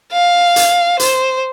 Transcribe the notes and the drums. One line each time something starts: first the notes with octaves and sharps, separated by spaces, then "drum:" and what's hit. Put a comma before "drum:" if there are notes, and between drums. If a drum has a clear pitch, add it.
F5
drum: hi-hat
C5, drum: hi-hat